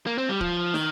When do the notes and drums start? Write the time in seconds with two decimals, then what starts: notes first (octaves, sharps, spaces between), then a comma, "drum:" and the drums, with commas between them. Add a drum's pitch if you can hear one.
0.07 A#3
0.18 C4
0.29 G3
0.41 F3, drum: kick D1
0.74 D#3, drum: snare